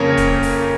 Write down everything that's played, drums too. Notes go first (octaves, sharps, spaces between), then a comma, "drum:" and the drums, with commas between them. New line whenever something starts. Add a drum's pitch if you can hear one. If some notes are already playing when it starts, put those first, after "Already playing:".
Already playing: F2 C#3 A#3 C#4 A#4 C#5
drum: kick D#1, hi-hat
drum: open hi-hat